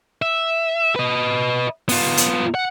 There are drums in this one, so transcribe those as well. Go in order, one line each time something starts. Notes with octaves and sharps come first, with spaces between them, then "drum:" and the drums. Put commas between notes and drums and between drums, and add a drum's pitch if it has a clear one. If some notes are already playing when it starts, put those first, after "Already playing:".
E5
B4 D#5
B3 F4, drum: open hi-hat
drum: hi-hat
F#5